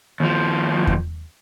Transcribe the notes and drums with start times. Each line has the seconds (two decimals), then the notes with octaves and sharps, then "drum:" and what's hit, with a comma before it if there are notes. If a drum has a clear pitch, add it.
0.20 D#2 F3
0.87 drum: kick E2